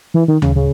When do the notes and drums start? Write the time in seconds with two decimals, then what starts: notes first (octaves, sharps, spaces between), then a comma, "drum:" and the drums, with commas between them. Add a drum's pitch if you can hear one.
0.14 E3
0.28 D#3
0.42 C#3, drum: tom D2
0.56 C#3